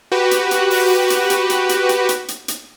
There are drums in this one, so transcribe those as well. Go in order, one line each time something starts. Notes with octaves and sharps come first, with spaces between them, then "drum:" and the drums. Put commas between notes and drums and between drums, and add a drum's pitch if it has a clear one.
F#4 G4 B4
drum: hi-hat
drum: hi-hat
drum: open hi-hat
drum: hi-hat
drum: hi-hat
drum: hi-hat
drum: hi-hat
drum: hi-hat
drum: hi-hat
drum: hi-hat
drum: hi-hat